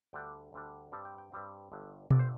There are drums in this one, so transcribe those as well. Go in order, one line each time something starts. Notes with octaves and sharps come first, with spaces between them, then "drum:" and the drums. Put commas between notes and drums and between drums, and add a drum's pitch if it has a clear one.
D2 D3 G3 D4 G5
D2 D3 G3 D4
G2 G3 C4 A5
G5
G5
G2 G3 C4
G1 G2 D3
G1 G2 D3 D5, drum: tom B2
C5